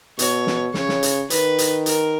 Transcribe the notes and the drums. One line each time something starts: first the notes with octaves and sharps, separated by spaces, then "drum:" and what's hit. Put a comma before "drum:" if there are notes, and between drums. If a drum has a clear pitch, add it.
B2 C#5, drum: hi-hat
drum: snare
C#3 C#5, drum: snare
drum: snare
drum: hi-hat
D#3 B4, drum: hi-hat
drum: hi-hat
A#4, drum: hi-hat